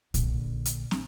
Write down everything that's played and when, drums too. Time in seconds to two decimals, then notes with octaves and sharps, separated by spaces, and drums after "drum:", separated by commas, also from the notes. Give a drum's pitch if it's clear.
0.14 A#1 D3, drum: kick, hi-hat
0.65 drum: hi-hat
0.91 drum: snare